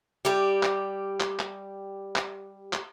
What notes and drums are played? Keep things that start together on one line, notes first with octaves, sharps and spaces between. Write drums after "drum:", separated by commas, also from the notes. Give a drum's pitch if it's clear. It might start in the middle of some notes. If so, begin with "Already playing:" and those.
G3 G4
drum: clap
drum: clap
drum: clap
drum: clap
drum: clap